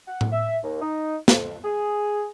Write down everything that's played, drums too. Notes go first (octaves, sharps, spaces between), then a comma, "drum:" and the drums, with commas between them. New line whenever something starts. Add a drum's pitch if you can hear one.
F#5
drum: tom A2
E5
D#2
D#4
F2, drum: snare
G#4